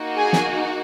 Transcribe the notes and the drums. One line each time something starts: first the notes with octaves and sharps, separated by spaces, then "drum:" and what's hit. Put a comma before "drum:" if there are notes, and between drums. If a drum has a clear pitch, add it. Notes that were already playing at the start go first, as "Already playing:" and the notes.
Already playing: A#3 D#4 F#4
G#4 G#5
drum: snare